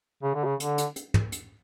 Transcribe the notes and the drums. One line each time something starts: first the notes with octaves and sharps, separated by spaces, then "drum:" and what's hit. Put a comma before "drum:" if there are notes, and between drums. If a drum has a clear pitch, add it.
C#3
D3
C#3
D3, drum: hi-hat
drum: hi-hat
drum: hi-hat
drum: tom
drum: hi-hat